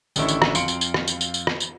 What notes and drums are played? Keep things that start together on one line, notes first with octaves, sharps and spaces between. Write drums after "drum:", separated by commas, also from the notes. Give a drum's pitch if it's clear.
A1 D3 D#3 C#4 E4 C#6, drum: tambourine
drum: tambourine
drum: rim click
F2 F5 C6 C#7 D7 F#7, drum: tambourine
drum: tambourine
drum: tambourine
drum: rim click
drum: tambourine
drum: tambourine
drum: tambourine
drum: rim click
drum: tambourine